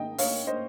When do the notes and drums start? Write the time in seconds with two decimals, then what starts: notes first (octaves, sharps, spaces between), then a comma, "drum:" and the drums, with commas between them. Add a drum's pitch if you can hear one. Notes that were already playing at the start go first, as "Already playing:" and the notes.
Already playing: G#2 D#3 D#5 G5
0.18 C#5 F5, drum: open hi-hat
0.47 C5 D#5